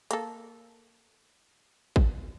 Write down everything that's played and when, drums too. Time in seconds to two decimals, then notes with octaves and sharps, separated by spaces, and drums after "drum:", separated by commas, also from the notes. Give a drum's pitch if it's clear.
0.11 A#3 A4, drum: hi-hat
1.96 drum: kick